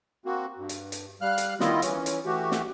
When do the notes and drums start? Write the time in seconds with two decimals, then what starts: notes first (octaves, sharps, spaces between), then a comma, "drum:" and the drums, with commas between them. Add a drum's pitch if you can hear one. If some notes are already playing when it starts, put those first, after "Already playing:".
0.25 A#3 C4 F#4
0.58 G2
0.69 drum: hi-hat
0.92 drum: hi-hat
1.21 G3 F5 F6 F#6
1.38 drum: hi-hat
1.60 D#3 G3 B3 E4 F4 D#5, drum: snare
1.82 E3 C#4, drum: hi-hat
2.06 drum: hi-hat
2.26 E3 A3 F#4 G4
2.52 drum: snare